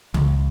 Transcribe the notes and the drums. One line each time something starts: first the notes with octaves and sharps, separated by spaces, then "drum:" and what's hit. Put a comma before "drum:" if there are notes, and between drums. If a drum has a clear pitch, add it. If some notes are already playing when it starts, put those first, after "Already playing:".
C#2, drum: tom C#3